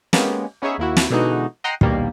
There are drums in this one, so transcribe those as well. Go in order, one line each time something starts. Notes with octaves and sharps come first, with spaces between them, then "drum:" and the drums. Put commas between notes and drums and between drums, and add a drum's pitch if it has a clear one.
G#3 A#3 B3 C#4 G4, drum: snare
B3 C#4 D#4 G#4 C#5 E5
D#2 A#3 E4 F#4
drum: snare
B2 D3 E3 G#3 D#4 F#4
D#5 F#5 G5 A#5 C6
A#1 D#2 B2 G3 A#3, drum: kick